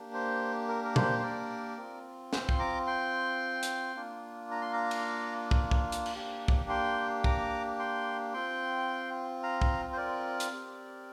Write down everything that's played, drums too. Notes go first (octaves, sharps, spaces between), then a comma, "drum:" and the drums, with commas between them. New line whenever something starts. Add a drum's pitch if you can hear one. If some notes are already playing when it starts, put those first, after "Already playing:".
Already playing: A#3 D4 G4
C5
A#4
A#4
C5, drum: tom A#2
C5
A#4 D5
C4 F4
C5, drum: snare
C6, drum: kick
A#5 D6
G5 C6
drum: hi-hat
A#3 D4 F4
A#5
C6
F5 A#5
drum: cymbal
drum: kick
drum: kick
drum: hi-hat
drum: cymbal
A#3 D4 G4
drum: kick
G5 C6
A#5 D6, drum: kick
G5 C6
C4 F4 G5 C6
F5 A#5
drum: kick
C5
A#4 D5
drum: hi-hat
C4 G4